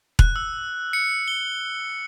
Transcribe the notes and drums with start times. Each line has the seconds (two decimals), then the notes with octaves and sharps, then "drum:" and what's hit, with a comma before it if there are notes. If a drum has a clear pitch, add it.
0.19 F#6, drum: kick E1
0.36 E6
0.93 C#7
1.28 G7